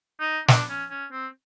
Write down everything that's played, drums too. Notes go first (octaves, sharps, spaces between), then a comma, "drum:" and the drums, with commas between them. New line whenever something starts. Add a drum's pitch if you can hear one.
D#4
D4, drum: snare
C#4
C#4
C4